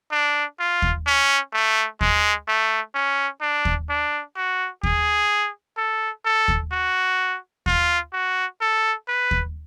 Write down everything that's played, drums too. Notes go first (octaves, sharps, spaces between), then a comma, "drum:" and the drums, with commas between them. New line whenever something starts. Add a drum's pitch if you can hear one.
D4
F4
drum: kick D#2
C#4
A3
G#3, drum: kick D#2
A3
C#4
D4
drum: kick D#2
D4
F#4
G#4, drum: kick D#2
A4
A4
drum: kick D#2
F#4
F4, drum: kick D#2
F#4
A4
B4
drum: kick D#2